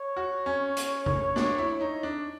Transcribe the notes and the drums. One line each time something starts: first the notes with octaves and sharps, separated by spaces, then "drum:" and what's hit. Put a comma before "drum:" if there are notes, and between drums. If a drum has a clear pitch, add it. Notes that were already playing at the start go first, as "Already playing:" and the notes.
Already playing: C#5
F#4
C#4
drum: hi-hat
drum: kick A1
D4, drum: snare
E4
D#4
D4